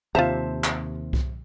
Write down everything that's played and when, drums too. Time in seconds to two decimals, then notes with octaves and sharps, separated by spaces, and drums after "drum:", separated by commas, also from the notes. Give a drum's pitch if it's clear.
0.15 D#2 C3 F4 C5 E5 A5 A#5
0.64 drum: clap
1.13 drum: kick C2